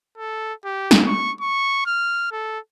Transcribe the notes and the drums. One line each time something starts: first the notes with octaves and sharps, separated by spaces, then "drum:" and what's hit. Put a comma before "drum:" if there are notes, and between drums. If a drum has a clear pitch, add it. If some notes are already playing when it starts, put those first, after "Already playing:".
A4
G4
drum: snare
C#6
C#6
F6
A4